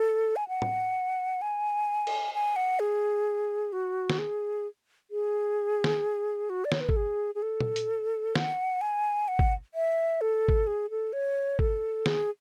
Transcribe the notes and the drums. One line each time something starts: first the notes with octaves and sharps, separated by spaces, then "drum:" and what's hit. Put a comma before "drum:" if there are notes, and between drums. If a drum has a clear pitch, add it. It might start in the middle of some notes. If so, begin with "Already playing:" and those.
Already playing: A4
G#5
F#5
drum: tom
G#5
drum: cymbal
G#5
F#5
G#4
F#4
drum: snare
G#4
G#4
drum: snare
F#4
D5
C#5, drum: snare
B4
A4, drum: kick
G#4
G#4
A4
drum: tom
drum: hi-hat
F#5, drum: snare
G#5
F#5
drum: kick
E5
A4
drum: kick
G#4
A4
C#5
A4, drum: kick
G#4, drum: snare